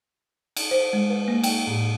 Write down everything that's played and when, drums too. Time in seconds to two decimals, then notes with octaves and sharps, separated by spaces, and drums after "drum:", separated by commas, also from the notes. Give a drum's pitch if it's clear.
0.57 drum: cymbal
0.71 C5
0.93 G#3
1.09 B4
1.28 A#3
1.43 G5, drum: cymbal
1.67 A2